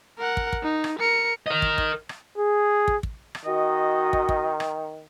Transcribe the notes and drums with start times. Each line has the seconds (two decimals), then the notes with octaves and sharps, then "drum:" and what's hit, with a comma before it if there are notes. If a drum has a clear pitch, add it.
0.18 A#4 F#5
0.37 drum: kick
0.53 drum: kick
0.63 D#4
0.84 drum: rim click
0.99 A#4 C#7
1.47 A#4 D#5
1.62 drum: kick
1.78 drum: kick
2.09 drum: rim click
2.38 G#4
2.88 drum: kick
3.03 drum: kick
3.35 drum: rim click
3.45 D#3 F#4 D#5
4.13 drum: kick
4.29 drum: kick
4.60 drum: rim click